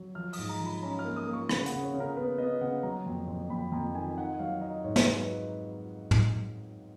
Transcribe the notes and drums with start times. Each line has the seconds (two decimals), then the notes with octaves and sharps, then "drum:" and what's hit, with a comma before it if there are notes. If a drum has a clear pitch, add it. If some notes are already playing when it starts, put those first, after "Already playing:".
Already playing: F#3
0.15 F3 F6
0.33 D#6, drum: open hi-hat
0.38 G#2
0.49 A#5
0.60 F3
0.66 B5
0.82 C#4 A#5
0.99 F6
1.05 A#3
1.16 D#6
1.27 A#3
1.33 C#6
1.49 C#3 B5, drum: rim click
1.66 F#5, drum: hi-hat
1.72 C#3
1.83 C#5
1.94 C#3
2.00 A#4
2.17 B3 B4
2.38 B3 D#5
2.61 C#3 F#5
2.83 F#3 A#5
3.06 F2
3.28 F2
3.50 F2 B5
3.72 F2 A#5
3.95 D#3 G#5
4.18 D#4 F#5
4.39 F#3 F5
4.61 D#4 D#5
4.84 G#2 C#5
4.96 drum: snare
5.07 F#3
5.17 B4
6.11 drum: tom